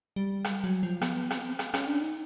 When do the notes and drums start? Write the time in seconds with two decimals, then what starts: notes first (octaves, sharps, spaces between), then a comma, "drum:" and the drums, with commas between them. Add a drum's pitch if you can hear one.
0.16 G3
0.44 drum: rim click
0.64 F#3
0.83 F3
1.01 B3, drum: rim click
1.30 C4, drum: rim click
1.40 B3
1.48 C4
1.59 drum: rim click
1.74 C#4, drum: rim click
1.87 D4
2.02 D#4